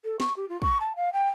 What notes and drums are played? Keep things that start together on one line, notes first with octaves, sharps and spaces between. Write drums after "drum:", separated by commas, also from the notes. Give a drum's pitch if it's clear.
A4
C#6, drum: snare
G4
F4
C#6, drum: kick
A5
F5
G5